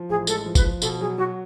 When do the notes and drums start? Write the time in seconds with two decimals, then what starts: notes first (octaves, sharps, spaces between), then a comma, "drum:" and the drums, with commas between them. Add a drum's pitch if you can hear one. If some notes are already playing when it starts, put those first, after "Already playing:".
Already playing: F3
0.09 A1 G#4
0.27 G#3 A4, drum: tambourine
0.46 F3
0.55 B4, drum: kick G1, tambourine
0.64 F3
0.82 B2 A4, drum: tambourine
1.00 F#3 G#4
1.17 F#3 F#4